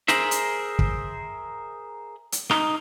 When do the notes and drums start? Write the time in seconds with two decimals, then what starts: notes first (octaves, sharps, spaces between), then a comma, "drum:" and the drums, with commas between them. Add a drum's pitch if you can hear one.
0.08 G#4 A#4 C5 E5, drum: snare
0.31 drum: hi-hat
0.79 drum: kick
2.32 drum: hi-hat
2.51 D#4, drum: rim click